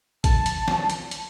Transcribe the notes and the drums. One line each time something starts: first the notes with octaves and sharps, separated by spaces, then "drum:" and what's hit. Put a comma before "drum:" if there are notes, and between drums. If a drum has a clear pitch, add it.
A5, drum: kick A1, hi-hat
drum: hi-hat
drum: snare
drum: hi-hat
drum: hi-hat